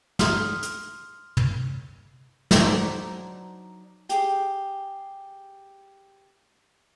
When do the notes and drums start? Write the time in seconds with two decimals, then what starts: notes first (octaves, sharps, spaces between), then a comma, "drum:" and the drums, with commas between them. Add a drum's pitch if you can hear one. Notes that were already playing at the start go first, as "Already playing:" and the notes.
0.19 C6 D#6 F6 D#7, drum: snare
0.63 drum: hi-hat
1.37 drum: tom
2.51 F#3 D4 D#4 C5 D5, drum: snare
4.09 G4 G#4, drum: hi-hat